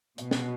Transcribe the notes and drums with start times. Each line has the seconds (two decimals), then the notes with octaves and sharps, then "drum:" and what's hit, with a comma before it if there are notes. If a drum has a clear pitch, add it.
0.18 B2, drum: hi-hat
0.31 drum: snare